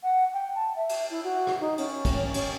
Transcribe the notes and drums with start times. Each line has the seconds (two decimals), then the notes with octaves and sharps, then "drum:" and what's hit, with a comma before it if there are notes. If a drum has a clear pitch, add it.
0.03 F#5
0.33 G5
0.55 A5
0.76 E5
0.89 drum: cymbal
1.10 E4
1.24 F#4
1.47 drum: rim click
1.61 D#4
1.78 C#4, drum: cymbal
2.05 drum: kick, cymbal
2.34 C#4, drum: cymbal